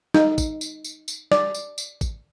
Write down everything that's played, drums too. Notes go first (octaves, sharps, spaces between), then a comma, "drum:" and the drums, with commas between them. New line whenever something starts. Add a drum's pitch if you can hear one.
D#4, drum: snare
drum: kick, tambourine
drum: tambourine
drum: tambourine
drum: tambourine
D5, drum: snare
drum: tambourine
drum: tambourine
drum: kick, tambourine